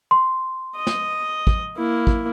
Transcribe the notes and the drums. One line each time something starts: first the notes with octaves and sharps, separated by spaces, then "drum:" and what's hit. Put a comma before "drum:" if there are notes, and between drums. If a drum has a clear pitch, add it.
C6
D#5
drum: snare
drum: kick
A#3 E4
drum: kick